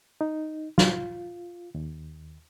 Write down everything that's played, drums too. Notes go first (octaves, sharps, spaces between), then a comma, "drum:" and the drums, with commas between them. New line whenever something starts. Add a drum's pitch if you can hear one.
D#4
F4, drum: snare
D#2